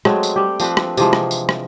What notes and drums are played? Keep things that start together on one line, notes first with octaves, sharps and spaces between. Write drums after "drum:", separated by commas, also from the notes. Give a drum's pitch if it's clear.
F#3 G#3 A3 C4, drum: rim click
drum: tambourine
G3 G4
F3 C4 D4 B4, drum: tambourine
drum: rim click
C3 E3 F3 G#3, drum: tambourine
drum: rim click
drum: tambourine
drum: rim click